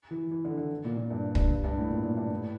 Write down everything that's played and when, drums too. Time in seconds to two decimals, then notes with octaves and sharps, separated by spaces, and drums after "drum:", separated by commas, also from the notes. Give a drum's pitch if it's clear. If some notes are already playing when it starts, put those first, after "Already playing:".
0.11 E3
0.31 E3
0.45 D3
0.57 D3
0.85 A#2
0.97 A#2
1.11 G2
1.35 G2, drum: kick
1.64 G2
1.78 A2
1.90 A#2
2.04 A#2
2.17 G2
2.31 A2